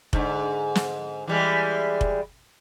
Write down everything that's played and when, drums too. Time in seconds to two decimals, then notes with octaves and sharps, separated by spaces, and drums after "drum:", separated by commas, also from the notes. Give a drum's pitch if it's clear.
0.13 G#2 D3, drum: kick F1
0.75 drum: snare
1.28 E3 G3 G#3
2.01 drum: kick F1